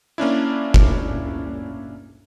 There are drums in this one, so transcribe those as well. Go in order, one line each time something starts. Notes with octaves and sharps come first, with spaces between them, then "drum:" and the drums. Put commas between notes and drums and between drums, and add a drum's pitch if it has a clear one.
A#3 C#4 D4 E4
drum: kick